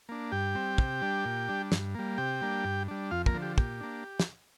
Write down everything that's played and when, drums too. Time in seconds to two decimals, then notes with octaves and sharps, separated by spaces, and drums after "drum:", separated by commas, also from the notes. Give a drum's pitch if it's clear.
0.09 A#3 D4
0.32 G2 G4 G5
0.55 G3 C4
0.78 C3, drum: kick
1.01 G3 D4
1.25 A#2
1.49 G3 D4
1.72 G2, drum: snare
1.95 G3 A#3
2.18 C3 G4 G5
2.41 G3 A#3 D4
2.64 G2
2.88 G3 D4
3.11 F2 F4 F5
3.26 A#3 A#4, drum: kick
3.34 D3 F3
3.42 G4
3.58 A#2 G4, drum: kick
3.80 A#3 D4
4.20 drum: snare